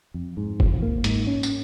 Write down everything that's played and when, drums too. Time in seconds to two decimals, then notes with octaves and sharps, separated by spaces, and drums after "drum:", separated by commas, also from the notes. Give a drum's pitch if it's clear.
0.14 F2
0.37 G#2
0.60 F3, drum: kick F#1
0.82 A#3
1.04 G#2, drum: hi-hat
1.27 C#4
1.43 drum: tambourine